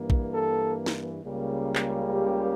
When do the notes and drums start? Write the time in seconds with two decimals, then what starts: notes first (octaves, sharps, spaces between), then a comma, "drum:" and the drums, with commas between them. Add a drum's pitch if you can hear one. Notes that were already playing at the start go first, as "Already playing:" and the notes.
Already playing: G2 E3 A#3
0.10 drum: kick
0.34 A4
0.86 drum: snare
1.24 C#2 C#3 G3 A#3
1.75 drum: clap
2.14 G4